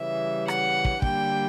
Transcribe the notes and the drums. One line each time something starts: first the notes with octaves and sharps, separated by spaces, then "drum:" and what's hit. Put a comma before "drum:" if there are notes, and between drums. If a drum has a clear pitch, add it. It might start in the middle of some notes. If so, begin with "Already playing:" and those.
Already playing: C#3 E3 G3 E5
F#5, drum: rim click
drum: kick
D3 G3 A#3 G5, drum: kick